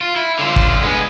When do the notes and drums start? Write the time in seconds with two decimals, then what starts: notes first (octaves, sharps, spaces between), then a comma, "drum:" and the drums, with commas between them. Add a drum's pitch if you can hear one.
0.01 F4
0.16 E4
0.39 D3 F4
0.56 drum: kick
0.82 G#3 B3